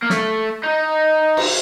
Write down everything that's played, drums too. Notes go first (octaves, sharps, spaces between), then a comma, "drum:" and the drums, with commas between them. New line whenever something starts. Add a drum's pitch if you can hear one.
A#3
A3, drum: snare
D#4
drum: cymbal